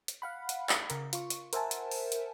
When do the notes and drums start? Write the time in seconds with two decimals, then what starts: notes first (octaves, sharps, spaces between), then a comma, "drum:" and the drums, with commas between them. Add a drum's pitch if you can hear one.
0.08 drum: hi-hat
0.22 F5 F#5 B5
0.49 drum: hi-hat
0.69 drum: clap
0.90 C#3 A#4, drum: hi-hat
1.13 F4 C#6, drum: hi-hat
1.30 drum: hi-hat
1.53 A#4 C5 E5 F#5 G#5 A5, drum: hi-hat
1.71 drum: hi-hat
1.91 drum: open hi-hat
2.12 drum: hi-hat